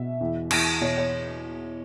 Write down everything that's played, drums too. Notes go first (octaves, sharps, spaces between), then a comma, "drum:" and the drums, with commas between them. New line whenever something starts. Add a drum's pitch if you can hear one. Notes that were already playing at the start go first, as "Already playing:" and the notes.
Already playing: B2 E5
E2
E2, drum: cymbal
B2 C#5
C#5